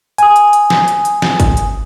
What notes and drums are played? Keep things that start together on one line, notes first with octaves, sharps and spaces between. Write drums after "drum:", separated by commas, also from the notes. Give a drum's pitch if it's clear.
G#5 D#6, drum: hi-hat
drum: hi-hat
drum: hi-hat
drum: snare
drum: hi-hat
drum: hi-hat
drum: snare
drum: kick, hi-hat
drum: hi-hat